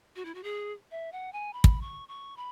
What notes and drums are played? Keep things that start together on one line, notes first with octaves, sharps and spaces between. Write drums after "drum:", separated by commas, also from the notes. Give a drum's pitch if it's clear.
F#4
E4
F#4
G#4
E5
F#5
G#5
B5
drum: kick
C#6
C#6
B5